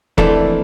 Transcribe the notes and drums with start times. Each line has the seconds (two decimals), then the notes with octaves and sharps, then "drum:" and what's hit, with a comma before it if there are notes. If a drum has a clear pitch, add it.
0.18 F2 E3 A3 A#3 D4 A4, drum: kick E1